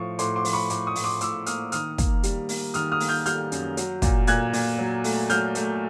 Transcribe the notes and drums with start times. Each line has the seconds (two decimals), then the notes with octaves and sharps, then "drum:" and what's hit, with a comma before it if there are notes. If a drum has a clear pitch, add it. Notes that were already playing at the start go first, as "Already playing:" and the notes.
Already playing: A2 F3 C#6
0.19 A2 C6 D6, drum: hi-hat
0.36 C6 D6
0.45 F3, drum: open hi-hat
0.53 B5 C#6
0.70 A2 C6 D6, drum: hi-hat
0.87 C#6 D#6
0.95 A2, drum: open hi-hat
1.04 C6 D6
1.21 A2 D6 E6, drum: hi-hat
1.46 A#3 D#6 F6, drum: hi-hat
1.72 D#3 D#6 F6, drum: hi-hat
1.98 A#3, drum: kick, hi-hat
2.23 G3, drum: hi-hat
2.49 A#3, drum: open hi-hat
2.74 D#3 D#6 F6, drum: hi-hat
2.92 D#6 F6
3.00 A#3, drum: open hi-hat
3.08 F6 G6
3.26 G3 F6 G6, drum: hi-hat
3.52 F#2, drum: hi-hat
3.77 F#3, drum: hi-hat
4.02 A#2, drum: kick, hi-hat
4.27 A#2 F#6 G#6, drum: hi-hat
4.53 A#2, drum: open hi-hat
4.79 F#3
5.04 A3, drum: open hi-hat
5.30 F#3 F6 G6, drum: hi-hat
5.55 A3, drum: hi-hat